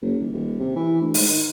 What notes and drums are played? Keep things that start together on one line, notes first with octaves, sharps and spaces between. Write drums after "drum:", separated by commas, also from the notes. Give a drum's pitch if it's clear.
F#1
D#1
D#1
C3
E3
D2
G#2, drum: open hi-hat
D#3